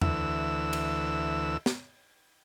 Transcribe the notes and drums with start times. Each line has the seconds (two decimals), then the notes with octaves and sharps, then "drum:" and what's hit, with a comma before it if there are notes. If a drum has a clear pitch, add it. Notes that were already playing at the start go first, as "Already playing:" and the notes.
0.01 D2 E3 E6, drum: tom E2
0.73 drum: cymbal
1.66 drum: snare